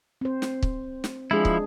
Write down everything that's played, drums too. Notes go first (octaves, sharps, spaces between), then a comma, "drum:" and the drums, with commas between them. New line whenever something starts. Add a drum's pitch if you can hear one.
C4 C5
drum: snare
drum: kick
drum: snare
F3 G#3 D4 E4 G#4
drum: kick